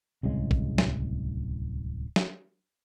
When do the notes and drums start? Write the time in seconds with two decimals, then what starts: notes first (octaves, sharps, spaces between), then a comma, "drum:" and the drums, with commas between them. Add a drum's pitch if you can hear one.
0.23 D1 C2 C#3 G#3
0.51 drum: kick
0.78 drum: snare
2.16 drum: snare